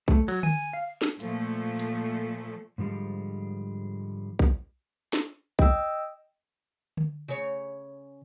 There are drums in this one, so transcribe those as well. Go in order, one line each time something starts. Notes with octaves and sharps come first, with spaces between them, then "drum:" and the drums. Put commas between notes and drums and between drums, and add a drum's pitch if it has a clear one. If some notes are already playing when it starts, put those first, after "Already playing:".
A3, drum: kick
F#3, drum: cymbal
G#5, drum: tom D3
F5
drum: snare
A#2 F3 A3, drum: hi-hat
drum: hi-hat
G#2 D3 F3 G3 G#3
drum: kick
drum: snare
D#5 G5 E6, drum: kick
drum: tom D3
C#3 C#5